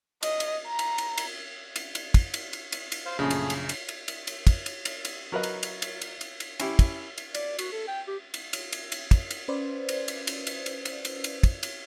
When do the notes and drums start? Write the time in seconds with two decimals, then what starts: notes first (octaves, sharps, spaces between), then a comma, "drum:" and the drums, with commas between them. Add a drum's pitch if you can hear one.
0.23 D#5, drum: cymbal
0.40 drum: cymbal
0.67 A#5
0.79 drum: cymbal
0.98 drum: cymbal
1.18 drum: cymbal
1.76 drum: cymbal
1.95 drum: cymbal
2.14 drum: kick, cymbal
2.34 drum: cymbal
2.53 drum: cymbal
2.72 drum: cymbal
2.92 drum: cymbal
3.06 C5 F5
3.19 A#1 F#2 C#3 A3 G#4
3.31 drum: cymbal
3.50 drum: cymbal
3.69 drum: cymbal
3.89 drum: cymbal
4.08 drum: cymbal
4.27 drum: cymbal
4.47 drum: kick, cymbal
4.66 drum: cymbal
4.85 drum: cymbal
5.05 drum: cymbal
5.32 F#3 A#4 B4 D#5
5.43 drum: cymbal
5.63 drum: cymbal
5.82 drum: cymbal
6.02 drum: cymbal
6.21 drum: cymbal
6.40 drum: cymbal
6.60 C#4 E4 G4, drum: cymbal
6.79 drum: kick, cymbal
7.18 drum: cymbal
7.35 D5, drum: cymbal
7.59 F#4, drum: cymbal
7.72 A4
7.88 G5
8.07 G4
8.34 drum: cymbal
8.53 drum: cymbal
8.72 drum: cymbal
8.92 drum: cymbal
9.11 drum: kick, cymbal
9.31 drum: cymbal
9.48 C#4 B4 C5 D5
9.89 drum: cymbal
10.08 drum: cymbal
10.27 drum: cymbal
10.47 drum: cymbal
10.66 drum: cymbal
10.85 drum: cymbal
11.05 drum: cymbal
11.24 drum: cymbal
11.43 drum: kick, cymbal
11.63 drum: cymbal